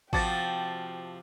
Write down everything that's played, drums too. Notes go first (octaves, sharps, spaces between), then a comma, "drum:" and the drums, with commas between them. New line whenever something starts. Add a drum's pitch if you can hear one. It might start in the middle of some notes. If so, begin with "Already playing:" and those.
C3 F3 F#4 G5 A5 D6 A6, drum: kick G#1